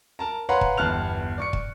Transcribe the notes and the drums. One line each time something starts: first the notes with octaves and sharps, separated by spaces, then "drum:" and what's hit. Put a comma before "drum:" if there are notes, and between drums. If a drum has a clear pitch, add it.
A#4 A5 A#5
B4 C#5 F5 F#5 A#5 C6
drum: kick
G1 E2 A5 F6 F#6 F7
D5 C#6 C#7
drum: kick